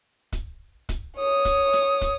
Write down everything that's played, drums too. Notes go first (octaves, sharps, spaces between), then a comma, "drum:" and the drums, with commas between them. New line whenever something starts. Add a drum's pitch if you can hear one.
drum: kick, hi-hat
drum: kick, hi-hat
C#5 D#6
drum: kick, hi-hat
drum: hi-hat
drum: kick, hi-hat